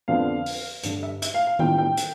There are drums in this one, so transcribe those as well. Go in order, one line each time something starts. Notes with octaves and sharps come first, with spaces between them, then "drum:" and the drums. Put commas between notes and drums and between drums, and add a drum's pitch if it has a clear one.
F2 D3 F3 B3 D4 F5
drum: open hi-hat
G2 D3 G3, drum: hi-hat
E5
E5, drum: hi-hat
F5
F5
A2 G3 B3 D4 F4 G5, drum: tom D#3
G5
drum: hi-hat